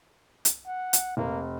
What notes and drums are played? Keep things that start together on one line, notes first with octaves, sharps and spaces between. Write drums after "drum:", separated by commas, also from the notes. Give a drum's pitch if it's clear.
drum: hi-hat
F#5
drum: hi-hat
F1 A#3